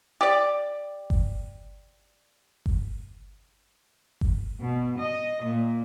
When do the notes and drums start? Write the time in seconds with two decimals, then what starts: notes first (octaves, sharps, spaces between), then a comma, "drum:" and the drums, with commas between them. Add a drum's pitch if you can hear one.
0.21 G4 D5
1.10 drum: kick G1
2.66 drum: kick G1
4.21 drum: kick G1
4.61 B2
4.99 D#5
5.43 A#2